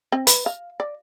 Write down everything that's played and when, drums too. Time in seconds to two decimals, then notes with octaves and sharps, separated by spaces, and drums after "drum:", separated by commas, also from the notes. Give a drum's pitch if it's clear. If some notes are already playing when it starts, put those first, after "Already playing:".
0.12 C4
0.27 B4, drum: hi-hat
0.46 F5
0.80 D5